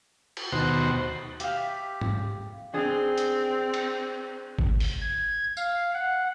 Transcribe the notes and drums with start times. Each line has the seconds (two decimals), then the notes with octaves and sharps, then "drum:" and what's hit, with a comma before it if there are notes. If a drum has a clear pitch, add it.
0.37 drum: cymbal
0.52 D#2 B2 F#4 C5
1.40 G4 E5 F5, drum: hi-hat
2.01 drum: tom
2.74 C4 D4 G#4
3.18 drum: hi-hat
3.74 drum: cymbal
4.59 drum: kick G#1
4.80 drum: open hi-hat
5.01 G#6
5.57 F5, drum: tambourine
5.94 F#5